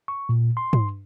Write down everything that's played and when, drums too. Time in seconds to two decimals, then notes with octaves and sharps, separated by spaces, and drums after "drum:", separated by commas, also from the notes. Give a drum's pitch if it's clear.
0.08 C#6
0.29 A#2
0.57 C6
0.73 drum: tom